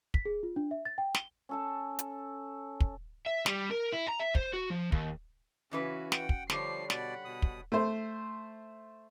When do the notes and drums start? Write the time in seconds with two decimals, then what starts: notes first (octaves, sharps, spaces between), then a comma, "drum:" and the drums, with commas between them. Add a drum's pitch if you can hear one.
0.14 B6, drum: kick
0.25 G#4
0.43 F4
0.56 D4
0.71 E5
0.85 A6
0.98 G5
1.15 G7, drum: snare
1.49 C#4 A4 A5
1.99 drum: hi-hat
2.80 drum: kick
3.26 E5
3.46 G3, drum: snare
3.71 A#4
3.93 E4
4.08 A#5
4.20 E5
4.35 C5, drum: kick
4.54 F#4
4.71 F3
4.92 D#2, drum: kick
5.71 C#3 E3 C#4 F#4 B4
6.12 F#5 G5, drum: snare
6.29 drum: kick
6.50 D3 F3 G3 C#5 C7, drum: snare
6.90 B2 D5 F#5 B5, drum: snare
7.25 B2 D#6
7.42 drum: kick
7.72 A3 C5